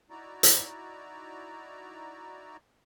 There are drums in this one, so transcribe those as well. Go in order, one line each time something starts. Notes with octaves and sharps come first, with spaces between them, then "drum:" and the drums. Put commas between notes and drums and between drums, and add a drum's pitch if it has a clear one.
D#4 E4 F#4 D5 A#5
drum: hi-hat